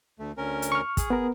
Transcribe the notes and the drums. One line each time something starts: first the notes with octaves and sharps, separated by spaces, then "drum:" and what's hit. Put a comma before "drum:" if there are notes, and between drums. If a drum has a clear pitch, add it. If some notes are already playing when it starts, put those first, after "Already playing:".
D2 A3
D2 C#4 A#4
drum: hi-hat
C#6 F6
G#4, drum: kick, hi-hat
B3 A#4